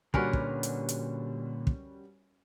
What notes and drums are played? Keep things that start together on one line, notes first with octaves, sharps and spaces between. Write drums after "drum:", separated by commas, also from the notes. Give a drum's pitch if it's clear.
A#2 D3 G3 C#4 F#4 A#4 B4, drum: kick
drum: kick
drum: hi-hat
drum: hi-hat
drum: kick